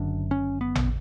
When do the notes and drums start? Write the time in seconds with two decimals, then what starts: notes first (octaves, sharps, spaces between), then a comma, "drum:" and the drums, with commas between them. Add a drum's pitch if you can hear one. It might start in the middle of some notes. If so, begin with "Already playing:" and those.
Already playing: F#1 F#2 D3 D4
0.31 C#4
0.61 B3
0.75 drum: tom A1